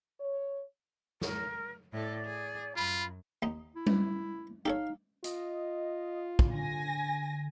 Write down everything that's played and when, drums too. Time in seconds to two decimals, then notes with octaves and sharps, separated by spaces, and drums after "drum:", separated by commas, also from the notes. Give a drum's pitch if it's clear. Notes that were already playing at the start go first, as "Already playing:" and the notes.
0.20 C#5
1.21 A#4, drum: snare
1.93 A2 A4 D5
2.25 G#4
2.76 F#2 F4 B5
3.42 D#2 D#4
3.76 E4
3.86 drum: tom G3
4.66 D#4 G4 A4 C#5 F5
5.24 F4 D#5, drum: hi-hat
6.39 drum: kick
6.53 D3 G#5 A#6